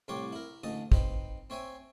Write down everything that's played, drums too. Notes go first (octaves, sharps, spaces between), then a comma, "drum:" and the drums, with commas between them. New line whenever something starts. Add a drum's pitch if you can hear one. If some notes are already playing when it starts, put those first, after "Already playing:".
C2 A2 G3 C#5 C6 D6
E4 A#4
A1 D2 D#5 A5 D#6
C4 D#4 B4, drum: kick
C4 C#5 E5 G5 G#5